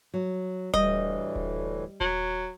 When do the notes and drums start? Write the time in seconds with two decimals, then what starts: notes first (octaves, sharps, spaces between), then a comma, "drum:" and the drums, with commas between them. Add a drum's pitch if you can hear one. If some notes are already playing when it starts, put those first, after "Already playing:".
0.14 F#3
0.74 D2 A2 E3 G3 D#5, drum: kick D#1
1.36 drum: kick D#1
2.00 F#3, drum: kick D#1